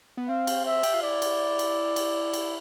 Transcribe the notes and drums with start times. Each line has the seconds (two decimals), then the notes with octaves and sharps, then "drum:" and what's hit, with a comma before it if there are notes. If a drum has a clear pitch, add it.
0.17 B3
0.29 C4 F5
0.47 drum: cymbal
0.66 E5
0.83 G4, drum: cymbal
0.94 F4
1.03 E4 D5
1.22 drum: cymbal
1.59 drum: cymbal
1.96 drum: cymbal
2.33 drum: cymbal